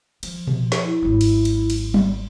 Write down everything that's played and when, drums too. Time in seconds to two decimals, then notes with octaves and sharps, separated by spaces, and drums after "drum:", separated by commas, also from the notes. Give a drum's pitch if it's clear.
0.23 F3, drum: cymbal
0.47 drum: tom A#2
0.72 drum: snare
0.85 E4
1.02 G#1 F#3
1.21 drum: cymbal
1.45 drum: cymbal
1.70 drum: cymbal
1.94 drum: tom F#3